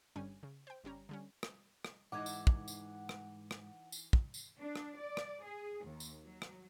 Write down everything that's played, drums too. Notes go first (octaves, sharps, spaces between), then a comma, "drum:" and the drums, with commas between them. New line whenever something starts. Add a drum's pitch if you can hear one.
G1 G2 D3 G3 C#4 G#5
C#3
C5 G5
G1 G3 C#4 A#5
D3 G3 C#4
drum: rim click
drum: rim click
G#2 E3 D#4 F#5 D6 G#6
drum: tambourine
drum: kick
drum: tambourine
drum: rim click
drum: rim click
drum: tambourine
drum: kick
drum: tambourine
D4
drum: rim click
D5
drum: rim click
G#4
D#2
drum: tambourine
F#3
drum: rim click